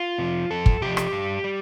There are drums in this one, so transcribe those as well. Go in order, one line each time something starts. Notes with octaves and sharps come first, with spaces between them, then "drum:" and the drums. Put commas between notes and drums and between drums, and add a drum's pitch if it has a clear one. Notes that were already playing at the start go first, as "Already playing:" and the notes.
Already playing: F4
C3 F3
F2 A4
drum: kick
C3 F3 G4
drum: rim click
G2
G3